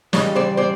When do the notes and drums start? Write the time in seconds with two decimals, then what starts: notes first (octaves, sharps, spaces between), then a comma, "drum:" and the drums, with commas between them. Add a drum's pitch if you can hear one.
0.13 C#3 E3 G3 C#5 D#5, drum: snare
0.35 C5 D5
0.57 C5 D5